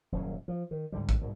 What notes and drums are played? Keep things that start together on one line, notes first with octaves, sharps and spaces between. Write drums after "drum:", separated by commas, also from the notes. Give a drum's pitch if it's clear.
D#1 F#2 A#2 C#3
F3
D#3
C#2 G#2 D3 G3
drum: kick
C2 G#2 B2